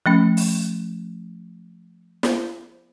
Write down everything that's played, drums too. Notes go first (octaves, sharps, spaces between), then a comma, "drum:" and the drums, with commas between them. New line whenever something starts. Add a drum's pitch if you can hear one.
F3 A3 C#4
drum: open hi-hat
drum: snare